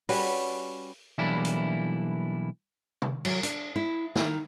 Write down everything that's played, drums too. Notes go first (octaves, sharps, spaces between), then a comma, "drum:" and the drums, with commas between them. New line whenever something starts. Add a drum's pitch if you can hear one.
G3 C#4 F#4 B4, drum: open hi-hat
B1 E3 G3 A#3 D4 E4
drum: hi-hat
drum: tom C3
F#3, drum: cymbal
D4, drum: hi-hat
E4
D#3, drum: snare